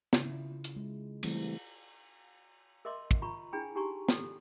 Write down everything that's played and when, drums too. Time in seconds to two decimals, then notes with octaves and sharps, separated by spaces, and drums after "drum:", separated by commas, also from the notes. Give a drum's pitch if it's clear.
0.13 C#3 E4 F4, drum: snare
0.64 drum: hi-hat
0.76 G#3
1.23 E3 G3 A3 C4, drum: cymbal
2.85 A#4 D#5 E5 C6 D6
3.11 drum: kick
3.22 F4 A#5 B5 C#6
3.53 D4 E4 G#4 G5 G#5 B5
3.75 D#4 G4 G#5 A#5 C6 C#6
4.08 A4, drum: snare